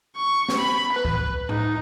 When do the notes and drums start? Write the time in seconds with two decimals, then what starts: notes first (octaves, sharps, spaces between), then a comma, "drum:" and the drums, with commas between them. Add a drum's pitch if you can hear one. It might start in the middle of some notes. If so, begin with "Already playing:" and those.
0.16 C#6
0.49 drum: snare
0.58 B5
0.93 B4
1.05 drum: kick C#2
1.49 D#4, drum: tom A2